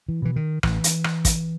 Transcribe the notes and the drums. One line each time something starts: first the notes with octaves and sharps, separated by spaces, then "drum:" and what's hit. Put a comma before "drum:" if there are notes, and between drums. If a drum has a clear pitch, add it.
E3
B2 E3
D#3
A1 E3, drum: rim click
drum: hi-hat
drum: rim click
drum: kick, hi-hat